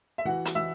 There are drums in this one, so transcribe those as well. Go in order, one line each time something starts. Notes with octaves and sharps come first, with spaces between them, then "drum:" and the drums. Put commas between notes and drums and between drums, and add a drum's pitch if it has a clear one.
E5
E3 F#4 F#5
drum: hi-hat
E3 E5 E6